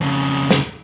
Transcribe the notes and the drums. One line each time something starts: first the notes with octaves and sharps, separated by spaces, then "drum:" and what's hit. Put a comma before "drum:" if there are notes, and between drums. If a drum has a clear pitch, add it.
F2 C#3
drum: snare